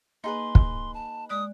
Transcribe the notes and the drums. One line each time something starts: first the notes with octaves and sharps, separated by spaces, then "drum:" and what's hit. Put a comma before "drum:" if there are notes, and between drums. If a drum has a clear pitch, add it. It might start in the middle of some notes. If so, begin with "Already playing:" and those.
A#3 D#4 G#4 B4 C6
drum: kick
A5
G#3 D5 D#6 F#6